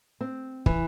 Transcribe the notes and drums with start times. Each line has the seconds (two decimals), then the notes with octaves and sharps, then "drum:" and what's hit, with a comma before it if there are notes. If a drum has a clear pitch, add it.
0.21 C4
0.66 E3, drum: kick